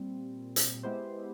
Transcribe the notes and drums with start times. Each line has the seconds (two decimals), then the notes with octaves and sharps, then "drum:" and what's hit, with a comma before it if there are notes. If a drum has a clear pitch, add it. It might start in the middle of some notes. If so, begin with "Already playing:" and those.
Already playing: A#2 G3 C4
0.56 drum: hi-hat
0.83 G#3 B3 E4 G4 C5